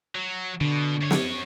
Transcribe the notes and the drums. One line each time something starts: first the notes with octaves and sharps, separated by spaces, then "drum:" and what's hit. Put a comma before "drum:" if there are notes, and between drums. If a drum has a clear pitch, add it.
F#3
B2 D3
F#2 C#5
drum: snare